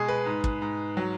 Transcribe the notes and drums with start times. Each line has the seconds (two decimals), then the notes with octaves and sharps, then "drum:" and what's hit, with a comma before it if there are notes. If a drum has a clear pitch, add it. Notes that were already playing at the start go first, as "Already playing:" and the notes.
Already playing: B2 G#3 G#4
0.08 B4
0.26 G#2
0.44 drum: kick
0.62 G#2
0.97 F#3